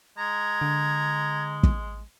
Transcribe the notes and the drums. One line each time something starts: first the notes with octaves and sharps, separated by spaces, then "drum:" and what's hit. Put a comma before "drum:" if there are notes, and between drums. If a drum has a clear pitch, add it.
G#3 A#5 G#6
D3
drum: kick